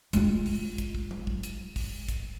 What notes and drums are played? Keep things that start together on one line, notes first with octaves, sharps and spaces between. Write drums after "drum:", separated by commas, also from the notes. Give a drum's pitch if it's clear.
G#3 F4, drum: hi-hat
drum: kick, open hi-hat
drum: kick, hi-hat
drum: kick
drum: tom F#3
drum: kick
drum: hi-hat
drum: kick, open hi-hat
drum: kick, hi-hat